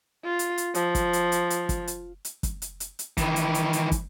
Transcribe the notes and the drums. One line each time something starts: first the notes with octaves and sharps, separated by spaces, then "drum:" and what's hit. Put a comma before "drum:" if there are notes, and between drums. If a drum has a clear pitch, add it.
F4
drum: hi-hat
drum: hi-hat
F3, drum: hi-hat
drum: kick, hi-hat
drum: hi-hat
drum: hi-hat
drum: hi-hat
drum: kick, hi-hat
drum: hi-hat
drum: hi-hat
drum: kick, hi-hat
drum: hi-hat
drum: hi-hat
drum: hi-hat
D#3 E3, drum: kick, hi-hat
drum: hi-hat
drum: hi-hat
drum: hi-hat
drum: kick, hi-hat